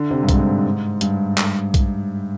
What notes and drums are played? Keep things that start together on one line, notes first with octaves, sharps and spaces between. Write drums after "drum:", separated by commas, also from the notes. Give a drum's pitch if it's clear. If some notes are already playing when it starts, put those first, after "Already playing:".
Already playing: D3
C3
G2
G#2, drum: kick, hi-hat
G2, drum: hi-hat
drum: clap
drum: kick, hi-hat